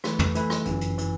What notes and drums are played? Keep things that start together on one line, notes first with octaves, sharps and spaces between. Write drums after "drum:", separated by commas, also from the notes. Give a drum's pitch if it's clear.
E3 A3 E4 B4, drum: rim click
drum: tom
E3 A3 E4 B4, drum: hi-hat
drum: rim click
G1 F#2 E3, drum: hi-hat
drum: hi-hat
E3, drum: hi-hat